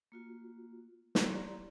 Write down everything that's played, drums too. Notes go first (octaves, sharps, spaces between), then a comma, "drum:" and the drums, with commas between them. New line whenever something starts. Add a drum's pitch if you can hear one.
A#3 F4 F#4
E4 G4 C#5 D5 A#5 C6, drum: snare